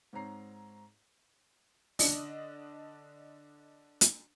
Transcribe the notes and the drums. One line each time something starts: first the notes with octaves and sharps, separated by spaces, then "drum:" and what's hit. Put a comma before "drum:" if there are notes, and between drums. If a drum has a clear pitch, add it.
G#2 C4 C#5 A#5 C7
D3 D4 D#5, drum: open hi-hat
drum: hi-hat